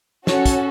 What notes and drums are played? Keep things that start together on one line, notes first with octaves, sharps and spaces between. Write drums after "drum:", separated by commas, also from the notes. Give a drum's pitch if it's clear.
C#4 F#4 A4 C#5, drum: snare
drum: kick, hi-hat